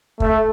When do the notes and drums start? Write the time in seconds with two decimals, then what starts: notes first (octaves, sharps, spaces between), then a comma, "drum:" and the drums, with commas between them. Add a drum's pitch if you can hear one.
0.20 A3, drum: kick